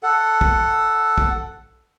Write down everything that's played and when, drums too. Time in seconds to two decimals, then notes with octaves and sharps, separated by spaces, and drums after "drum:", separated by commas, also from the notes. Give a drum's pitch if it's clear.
0.03 A4 F#5
0.41 drum: kick
1.18 drum: kick